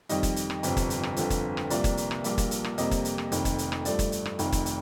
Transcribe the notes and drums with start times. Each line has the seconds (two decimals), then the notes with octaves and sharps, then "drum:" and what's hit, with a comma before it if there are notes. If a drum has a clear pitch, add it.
0.09 F2 D#3 G3 D#5, drum: hi-hat
0.23 drum: kick, hi-hat
0.36 drum: hi-hat
0.50 drum: rim click
0.63 G1 F2 C3 F3, drum: hi-hat
0.77 drum: kick, hi-hat
0.90 drum: hi-hat
1.03 drum: rim click
1.16 G1 F2 D3 F3, drum: hi-hat
1.30 drum: kick, hi-hat
1.57 drum: rim click
1.70 C2 C3 F3 A#3 D5, drum: hi-hat
1.84 drum: kick, hi-hat
1.97 drum: hi-hat
2.11 drum: rim click
2.24 A#1 A#2 G3 A#3, drum: hi-hat
2.38 drum: kick, hi-hat
2.51 drum: hi-hat
2.64 drum: rim click
2.78 F2 C3 G3 A#3 D#5, drum: hi-hat
2.91 drum: kick, hi-hat
3.05 drum: hi-hat
3.18 drum: rim click
3.32 F1 F2 D#3, drum: hi-hat
3.45 drum: kick, hi-hat
3.58 drum: hi-hat
3.72 drum: rim click
3.85 G2 F3 A3 D5, drum: hi-hat
3.99 drum: kick, hi-hat
4.12 drum: hi-hat
4.26 drum: rim click
4.39 F1 F2 D#3, drum: hi-hat
4.52 drum: kick, hi-hat
4.66 drum: hi-hat